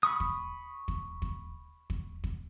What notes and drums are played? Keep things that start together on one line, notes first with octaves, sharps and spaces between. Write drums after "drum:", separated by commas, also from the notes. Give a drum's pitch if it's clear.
B5 C#6 D#6
drum: kick
drum: kick
drum: kick
drum: kick
drum: kick